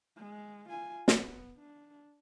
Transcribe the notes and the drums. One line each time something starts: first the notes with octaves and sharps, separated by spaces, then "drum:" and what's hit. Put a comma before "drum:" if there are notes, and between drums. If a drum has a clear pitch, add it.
G#3
F4 G#5
B3, drum: snare
D4